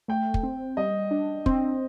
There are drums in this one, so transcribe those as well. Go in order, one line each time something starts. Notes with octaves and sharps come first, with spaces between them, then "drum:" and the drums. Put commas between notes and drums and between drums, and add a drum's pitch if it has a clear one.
A3 G5
drum: kick
C4
G3 D#5
D4
C4, drum: kick